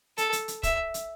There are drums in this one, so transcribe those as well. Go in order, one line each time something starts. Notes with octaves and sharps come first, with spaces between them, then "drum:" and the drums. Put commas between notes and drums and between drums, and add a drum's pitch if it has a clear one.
A4, drum: hi-hat
drum: hi-hat
drum: hi-hat
E5, drum: kick, hi-hat
drum: hi-hat